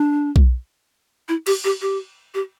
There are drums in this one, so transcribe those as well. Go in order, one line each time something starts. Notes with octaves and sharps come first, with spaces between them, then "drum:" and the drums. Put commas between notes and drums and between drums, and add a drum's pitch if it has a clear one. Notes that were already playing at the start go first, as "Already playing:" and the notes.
Already playing: D4
drum: kick B1
E4
G4, drum: cymbal
G4
G4
G4